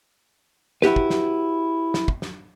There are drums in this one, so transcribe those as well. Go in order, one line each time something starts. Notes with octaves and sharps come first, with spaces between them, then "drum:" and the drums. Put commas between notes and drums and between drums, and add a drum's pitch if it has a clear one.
E4 F#4 G4 B4, drum: snare
drum: kick
drum: snare
drum: snare
drum: kick
drum: snare